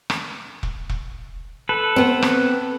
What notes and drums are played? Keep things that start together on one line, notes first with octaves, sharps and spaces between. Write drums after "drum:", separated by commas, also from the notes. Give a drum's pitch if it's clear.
drum: rim click
drum: kick E1
drum: kick E1
A4 B4
B3 C4
drum: rim click